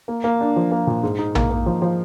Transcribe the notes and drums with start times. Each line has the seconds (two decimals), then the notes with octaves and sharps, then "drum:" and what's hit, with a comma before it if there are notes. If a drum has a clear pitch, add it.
0.08 A#3
0.24 A#3
0.41 D4
0.56 F3
0.72 A#3
0.87 A#2
1.03 G#2
1.19 D#4
1.35 A#3, drum: tom A#1
1.51 A#3
1.66 F3
1.82 F3